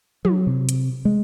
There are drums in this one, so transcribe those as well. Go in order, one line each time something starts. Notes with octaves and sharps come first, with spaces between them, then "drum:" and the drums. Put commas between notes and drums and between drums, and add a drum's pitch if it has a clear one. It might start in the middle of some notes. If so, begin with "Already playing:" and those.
F#3, drum: tom
C3
drum: hi-hat
G#3